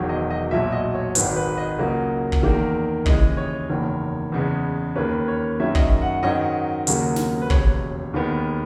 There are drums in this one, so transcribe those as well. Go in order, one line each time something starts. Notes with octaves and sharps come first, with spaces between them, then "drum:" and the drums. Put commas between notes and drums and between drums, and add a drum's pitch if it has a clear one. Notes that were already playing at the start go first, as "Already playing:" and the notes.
Already playing: E1 E2 D#3 F#3 C#5
D#5
D#5
B1 A#2 F#3 E5
D#5
C#5
G#1 G#2 D#3 G#3 B4, drum: hi-hat
B4
D#5
C#2 C#3 F#3 A#3
drum: kick
E2 D#3 A#3
D#2 C#3 E3 G#3 D#5, drum: kick
C#5
F#1 E2 D#3
E2 C#3 G#3 B3
D#2 D#3 A#3 C#4 B4
C#5
F#2 D#3 G#3 C#4 E5
D#5, drum: kick
E5
F#5
G#2 D#3 F#3 C#4 D#5
D#2 C#3 F#3 A#3, drum: hi-hat
drum: snare
B4
E1 D#2 C#3 C#5, drum: kick
D#2 D#3 G#3 B3